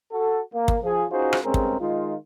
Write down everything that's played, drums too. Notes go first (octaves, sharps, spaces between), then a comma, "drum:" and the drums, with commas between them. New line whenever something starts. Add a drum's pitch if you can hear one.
F#4 A4
A#3
drum: kick
F3 G#4
C#4 D#4 F4 F#4 G#4 C5
drum: rim click
G2 G#3 C4 C#4 G#4 A#4
drum: kick
D#3 G#3 D#4 F4